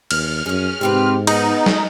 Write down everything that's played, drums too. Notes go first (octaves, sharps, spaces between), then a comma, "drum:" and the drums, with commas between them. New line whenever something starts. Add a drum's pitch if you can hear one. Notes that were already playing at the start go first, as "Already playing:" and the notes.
D#2 F6, drum: cymbal
F#2 C#4 G#4
G#2 C3 C4 G4 B4
B3 D#4 G#4, drum: cymbal
drum: snare